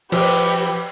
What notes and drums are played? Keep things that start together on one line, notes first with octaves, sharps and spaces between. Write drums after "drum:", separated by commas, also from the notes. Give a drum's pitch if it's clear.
F3 G4 B4, drum: cymbal